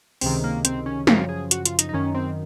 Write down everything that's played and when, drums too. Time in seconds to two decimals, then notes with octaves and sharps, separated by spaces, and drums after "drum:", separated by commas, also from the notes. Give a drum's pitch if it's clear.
0.21 C#2 C3 D#3 C4, drum: open hi-hat
0.44 A#3
0.65 C4, drum: hi-hat
0.86 C#4
1.07 F#2 C#3 F3 A#4, drum: snare
1.29 G#4
1.51 F#4, drum: hi-hat
1.66 F4, drum: hi-hat
1.79 D#4, drum: hi-hat
1.89 D#4
1.93 F#2 D#3 C#4
2.15 C4